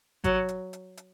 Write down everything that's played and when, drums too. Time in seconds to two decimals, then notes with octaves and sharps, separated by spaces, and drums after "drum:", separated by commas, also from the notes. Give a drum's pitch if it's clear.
0.24 F#3, drum: kick G#1, hi-hat
0.48 drum: hi-hat
0.73 drum: hi-hat
0.97 drum: hi-hat